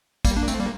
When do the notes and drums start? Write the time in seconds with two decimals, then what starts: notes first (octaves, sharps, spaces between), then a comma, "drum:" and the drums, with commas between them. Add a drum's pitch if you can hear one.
0.25 G3 A#3, drum: kick, tambourine
0.36 A#3 D4
0.48 A3 C4, drum: tambourine
0.60 G3 A#3